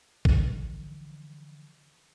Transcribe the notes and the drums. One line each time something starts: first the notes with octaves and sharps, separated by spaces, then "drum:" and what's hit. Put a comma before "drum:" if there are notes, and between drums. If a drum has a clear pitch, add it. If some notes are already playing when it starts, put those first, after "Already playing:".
D3 E3 F3 G3, drum: kick A1